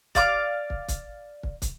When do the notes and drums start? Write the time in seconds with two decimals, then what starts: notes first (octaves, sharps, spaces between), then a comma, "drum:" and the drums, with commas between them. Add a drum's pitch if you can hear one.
0.15 D5 F5 D6, drum: kick, hi-hat
0.70 drum: kick
0.88 drum: kick, hi-hat
1.43 drum: kick
1.62 drum: kick, hi-hat